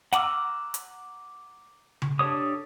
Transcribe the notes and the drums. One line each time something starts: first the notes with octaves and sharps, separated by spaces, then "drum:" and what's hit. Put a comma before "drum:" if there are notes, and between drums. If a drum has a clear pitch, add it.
F#5 A#5 D6 E6 F6, drum: snare
drum: hi-hat
drum: tom C#3
D4 G4 A4 C#5 D#6